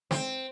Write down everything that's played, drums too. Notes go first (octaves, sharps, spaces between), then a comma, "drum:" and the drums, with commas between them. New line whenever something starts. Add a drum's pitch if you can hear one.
C4, drum: snare